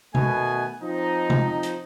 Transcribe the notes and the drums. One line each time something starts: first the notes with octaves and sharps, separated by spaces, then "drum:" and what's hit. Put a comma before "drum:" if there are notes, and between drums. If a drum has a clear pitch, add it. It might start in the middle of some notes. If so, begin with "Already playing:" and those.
B2 D#3 A3 B3 G#5, drum: tom
F3 C4 D#4
drum: tom
drum: hi-hat